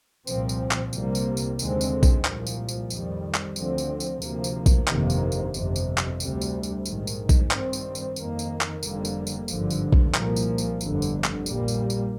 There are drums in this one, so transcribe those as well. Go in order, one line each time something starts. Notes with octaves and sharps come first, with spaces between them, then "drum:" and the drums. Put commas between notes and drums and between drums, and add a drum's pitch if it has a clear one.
C2 A#2 F3 C4, drum: tambourine
drum: tambourine
drum: clap
C2 C3 G3 A#3, drum: tambourine
drum: tambourine
drum: tambourine
D#2 D3 G#3 C4, drum: tambourine
drum: tambourine
drum: kick A#1, tambourine
C2 A#2 F3, drum: clap
drum: tambourine
drum: tambourine
F2 D#3 G3, drum: tambourine
drum: clap
D2 D3 F3 C4, drum: tambourine
drum: tambourine
drum: tambourine
D2 C3 F3 A#3, drum: tambourine
drum: tambourine
drum: kick A#1, tambourine
G1 F2 C3 D#3 A#3, drum: clap
drum: tambourine
drum: tambourine
G1 F2 C3, drum: tambourine
drum: tambourine
drum: clap
D2 C3 G3, drum: tambourine
drum: tambourine
drum: tambourine
A#1 G#2 D#3, drum: tambourine
drum: tambourine
drum: kick A#1, tambourine
G2 D#3 G3 C4, drum: clap
drum: tambourine
drum: tambourine
F2 D#3 A#3, drum: tambourine
drum: tambourine
drum: clap
F1 F2 D3 G3 A#3, drum: tambourine
drum: tambourine
drum: tambourine
G#1 G2 D3 F3, drum: tambourine
drum: tambourine
drum: kick A#1
C2 A#2 F3 A#3, drum: clap
drum: tambourine
drum: tambourine
G1 F2 D3, drum: tambourine
drum: tambourine
drum: clap
A#1 A#2 G3 A#3, drum: tambourine
drum: tambourine
drum: tambourine